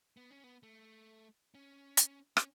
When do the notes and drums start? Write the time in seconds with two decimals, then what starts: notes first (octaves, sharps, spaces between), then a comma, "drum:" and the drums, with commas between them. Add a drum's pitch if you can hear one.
0.17 B3
0.31 C#4
0.44 B3
0.63 A3
1.55 C#4
1.97 drum: hi-hat
2.37 C#4, drum: rim click